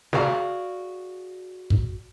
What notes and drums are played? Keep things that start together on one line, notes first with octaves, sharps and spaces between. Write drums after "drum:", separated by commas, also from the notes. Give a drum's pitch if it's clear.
F#4 G#4 D5 F5, drum: snare
drum: kick